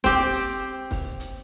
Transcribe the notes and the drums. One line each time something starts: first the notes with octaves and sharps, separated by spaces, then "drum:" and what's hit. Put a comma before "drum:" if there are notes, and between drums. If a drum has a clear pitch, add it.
C4 G4, drum: kick, open hi-hat
drum: hi-hat
drum: kick, open hi-hat
drum: hi-hat